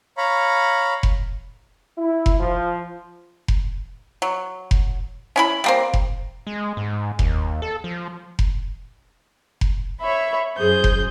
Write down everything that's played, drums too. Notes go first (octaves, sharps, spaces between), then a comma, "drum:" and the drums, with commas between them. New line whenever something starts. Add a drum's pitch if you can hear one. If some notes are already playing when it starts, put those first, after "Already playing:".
C#5 F5 A#5 B5
drum: kick F1
E4
drum: kick F1
F3
drum: kick F1
F#3
drum: kick F1
C#4 E4 B5
G3 A#3 C4
drum: kick F1
G#3
G#2
D#2, drum: kick F1
A4
F3
drum: kick F1
drum: kick F1
C#5 E5 B5
F#2 G#4 C5 G6
drum: kick F1